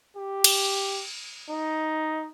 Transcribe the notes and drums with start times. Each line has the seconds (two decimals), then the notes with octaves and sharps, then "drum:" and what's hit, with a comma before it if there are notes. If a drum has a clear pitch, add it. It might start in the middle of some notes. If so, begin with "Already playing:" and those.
0.17 G4
0.44 drum: cymbal
1.50 D#4